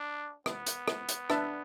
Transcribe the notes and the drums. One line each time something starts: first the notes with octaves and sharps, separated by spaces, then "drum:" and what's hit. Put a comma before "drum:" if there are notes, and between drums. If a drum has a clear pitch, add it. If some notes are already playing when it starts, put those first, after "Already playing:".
Already playing: D4
B3, drum: rim click
drum: hi-hat
drum: rim click
drum: hi-hat
D4 B4 E5 A5, drum: rim click